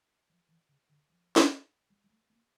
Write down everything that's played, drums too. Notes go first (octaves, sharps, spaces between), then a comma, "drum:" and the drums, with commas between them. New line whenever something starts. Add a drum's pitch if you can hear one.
F3
E3
C#3
D3
F3
drum: snare
G3
G3
A3
A#3